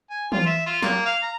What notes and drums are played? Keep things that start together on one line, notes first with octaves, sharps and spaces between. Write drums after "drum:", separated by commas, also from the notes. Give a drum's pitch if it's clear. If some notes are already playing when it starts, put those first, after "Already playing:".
G#5
F4, drum: tom E3
E5
F4
A#3, drum: snare
F5
A#5